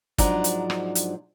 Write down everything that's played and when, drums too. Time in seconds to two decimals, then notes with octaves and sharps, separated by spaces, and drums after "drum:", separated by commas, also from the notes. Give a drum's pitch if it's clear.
0.18 G#2 F3 F#3 D4 D5 A#5, drum: kick, hi-hat
0.44 drum: hi-hat
0.70 drum: rim click
0.95 drum: hi-hat